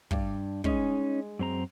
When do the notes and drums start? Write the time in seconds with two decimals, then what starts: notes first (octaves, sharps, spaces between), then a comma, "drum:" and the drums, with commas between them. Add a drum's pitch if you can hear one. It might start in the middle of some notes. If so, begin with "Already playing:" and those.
0.11 G2 D4 D5, drum: kick
0.64 G#3 C#4 D#4 D#5, drum: kick
1.39 F#2 C4 A#5